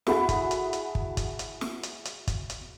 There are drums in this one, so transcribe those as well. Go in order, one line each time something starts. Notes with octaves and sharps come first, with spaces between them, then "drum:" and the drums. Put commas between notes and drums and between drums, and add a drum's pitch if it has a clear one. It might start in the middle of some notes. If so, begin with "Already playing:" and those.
E4 F#4 G#4 A4 F#5 B5, drum: snare
drum: kick, hi-hat
drum: hi-hat
drum: hi-hat
drum: kick
drum: kick, hi-hat
drum: hi-hat
drum: snare
drum: hi-hat
drum: hi-hat
drum: kick, hi-hat
drum: hi-hat